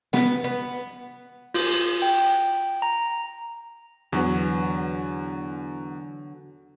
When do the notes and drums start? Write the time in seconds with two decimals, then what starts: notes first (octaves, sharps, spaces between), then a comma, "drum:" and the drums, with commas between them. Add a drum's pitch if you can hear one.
0.13 B3, drum: snare
0.44 B3
1.54 F4, drum: open hi-hat
2.02 G5
2.82 A#5
4.12 E2 D3 F#3 B3 F#4